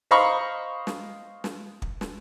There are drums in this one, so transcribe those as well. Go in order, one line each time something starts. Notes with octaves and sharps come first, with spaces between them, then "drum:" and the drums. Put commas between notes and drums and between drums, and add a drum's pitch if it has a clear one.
C5 D#5 F5 A#5 B5 C#6
drum: snare
drum: snare
drum: kick
drum: snare